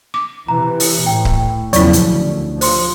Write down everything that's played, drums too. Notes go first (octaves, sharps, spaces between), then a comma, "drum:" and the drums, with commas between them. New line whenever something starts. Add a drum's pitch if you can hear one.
D6
C3 E3 A#5
drum: open hi-hat
A2 G5
drum: kick C#1
E2 C#3 F3 F#3 E4 D5, drum: hi-hat
drum: hi-hat
D2
F3 C5 C6, drum: open hi-hat